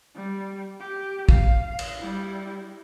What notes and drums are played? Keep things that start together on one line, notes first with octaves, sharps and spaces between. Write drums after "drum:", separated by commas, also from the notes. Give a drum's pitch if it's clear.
G3
G4
F5, drum: kick
drum: cymbal
G3 E4